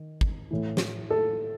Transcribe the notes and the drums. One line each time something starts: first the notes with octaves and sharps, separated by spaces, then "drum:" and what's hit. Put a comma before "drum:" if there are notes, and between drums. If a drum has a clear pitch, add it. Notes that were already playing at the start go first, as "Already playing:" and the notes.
Already playing: D#3
drum: kick
A2 E3
drum: snare
A4